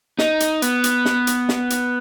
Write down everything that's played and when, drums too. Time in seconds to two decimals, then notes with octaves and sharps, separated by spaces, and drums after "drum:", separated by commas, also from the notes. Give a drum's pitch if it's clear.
0.19 D#4, drum: snare
0.40 drum: hi-hat
0.62 B3, drum: hi-hat
0.84 drum: hi-hat
1.05 drum: snare
1.27 drum: hi-hat
1.49 drum: snare
1.70 drum: hi-hat